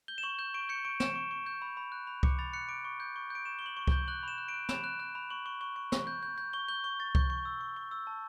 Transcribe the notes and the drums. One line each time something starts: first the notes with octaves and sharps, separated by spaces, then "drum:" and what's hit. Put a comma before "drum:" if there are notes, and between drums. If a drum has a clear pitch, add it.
G6 G7
E7
C#6 F#7
G6 E7
C#6 D7
G6 C#7
C#6 D7
C#6 E7, drum: snare
C#6
C#6
G6
B5
B5
F#6
B5
D6 C#7, drum: kick C2
B5 A6
F#6 C#7
D6 D7
C#6
G6
C#6
G6 D7
C#6 E7
G7
C#6 F#7
C#6
G7, drum: kick C2
G6
F#6 F#7
B5 E7
F#6
D7
F#6
B5 E7, drum: snare
F#6
F#6
B5
C#6 F#7
C#6
C#6
C#6
C#6, drum: snare
G6
G6
G6
C#6 G7
G6 G7
C#6 G7
C#6 A6
C#6 G6, drum: kick C2
C#6
E6
C#6
C#6
E6
A5